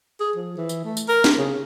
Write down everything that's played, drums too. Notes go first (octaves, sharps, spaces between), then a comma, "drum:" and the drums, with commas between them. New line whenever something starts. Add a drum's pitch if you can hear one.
G#4
F3
E3
drum: tambourine
A3
drum: tambourine
A#4
drum: snare
C#3